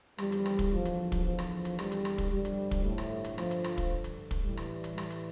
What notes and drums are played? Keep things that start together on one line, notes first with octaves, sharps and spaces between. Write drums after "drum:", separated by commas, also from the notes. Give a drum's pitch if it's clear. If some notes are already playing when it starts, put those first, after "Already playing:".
E2 D3 F3 G3, drum: rim click
drum: hi-hat
drum: rim click
drum: kick, hi-hat
F3
drum: hi-hat
drum: kick, hi-hat
F3
drum: rim click
drum: hi-hat
G3, drum: rim click
drum: hi-hat
drum: rim click
drum: kick, hi-hat
G2 D3 F3 G3
drum: hi-hat
drum: kick, hi-hat
A2 A3
drum: rim click
drum: hi-hat
F3, drum: rim click
drum: hi-hat
drum: rim click
drum: kick, hi-hat
drum: hi-hat
drum: kick, hi-hat
A2 E3 G3
drum: rim click
drum: hi-hat
G3, drum: rim click
drum: hi-hat